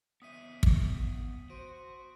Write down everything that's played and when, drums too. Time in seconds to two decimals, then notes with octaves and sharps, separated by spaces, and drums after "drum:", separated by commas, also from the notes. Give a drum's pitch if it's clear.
0.22 B3 C#4 E5 D#6 B6 D#7
0.63 drum: kick
1.50 F#4 C5 D7 D#7